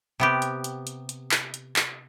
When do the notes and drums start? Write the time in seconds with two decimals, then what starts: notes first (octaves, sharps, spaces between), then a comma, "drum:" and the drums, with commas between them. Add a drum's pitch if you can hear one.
0.20 C3 B3 G4
0.42 drum: hi-hat
0.64 drum: hi-hat
0.87 drum: hi-hat
1.09 drum: hi-hat
1.31 drum: clap
1.54 drum: hi-hat
1.76 drum: clap